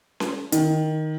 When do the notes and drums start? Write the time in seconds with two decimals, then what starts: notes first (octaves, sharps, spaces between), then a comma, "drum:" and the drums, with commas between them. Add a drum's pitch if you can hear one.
0.20 drum: snare C#4
0.52 D#3, drum: hi-hat